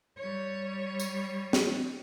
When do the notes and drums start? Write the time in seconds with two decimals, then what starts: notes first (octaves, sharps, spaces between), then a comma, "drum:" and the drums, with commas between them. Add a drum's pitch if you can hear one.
0.18 G3 C#5
1.00 drum: tambourine
1.53 drum: snare